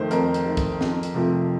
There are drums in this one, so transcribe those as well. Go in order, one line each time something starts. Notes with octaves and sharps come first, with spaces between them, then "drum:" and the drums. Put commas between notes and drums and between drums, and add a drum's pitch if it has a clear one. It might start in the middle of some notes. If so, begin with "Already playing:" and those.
Already playing: F2 D#3 A3 C5
F2 A#4, drum: hi-hat
drum: hi-hat
D#3 A3
drum: kick, hi-hat
F2, drum: snare
drum: hi-hat
C3 F3 A3